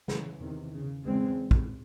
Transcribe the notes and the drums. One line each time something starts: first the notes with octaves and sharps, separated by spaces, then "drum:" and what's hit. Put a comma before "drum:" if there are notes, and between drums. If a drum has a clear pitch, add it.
C#3 E3, drum: snare
E2 C3 D#3
C#3
E2 C#3 G#3 C4
drum: kick